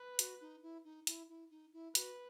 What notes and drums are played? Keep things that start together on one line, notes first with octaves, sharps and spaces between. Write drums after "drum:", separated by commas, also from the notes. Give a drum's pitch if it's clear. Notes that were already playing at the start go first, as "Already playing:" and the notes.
Already playing: B4
F#4, drum: hi-hat
D#4
E4
D#4
E4, drum: hi-hat
E4
D#4
E4
F#4 B4, drum: hi-hat